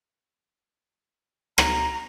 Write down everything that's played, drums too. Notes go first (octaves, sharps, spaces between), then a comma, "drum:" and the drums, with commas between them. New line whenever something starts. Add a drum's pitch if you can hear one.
A#5, drum: rim click